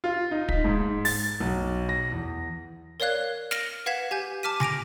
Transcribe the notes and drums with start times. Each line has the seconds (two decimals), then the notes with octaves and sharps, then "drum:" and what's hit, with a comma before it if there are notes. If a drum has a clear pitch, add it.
0.04 F4
0.31 D#4
0.49 B6, drum: kick
0.64 G#2
1.05 A6, drum: open hi-hat
1.40 B1
1.89 A#6
2.12 E2
3.00 A#4 C#5 D5 F5 F#6 G#6
3.51 F6 A#6, drum: snare
3.86 B4 F5 F#5 G#6 B6 E7
4.11 G4 G#5 G6
4.43 A5 D6 F6 B6 D#7
4.60 G#5 A#6 D7 F7, drum: tom C#3